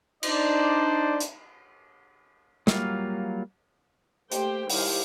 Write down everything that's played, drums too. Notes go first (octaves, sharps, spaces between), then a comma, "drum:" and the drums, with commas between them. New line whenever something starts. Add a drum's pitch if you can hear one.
D4 D#4 C5 D5, drum: cymbal
drum: hi-hat
F#3 G3 A#3 F4 A#4 F5, drum: snare
A3 A#3 G4 C5 G5, drum: hi-hat
D#3 G3 E4 G4 C5 F5, drum: open hi-hat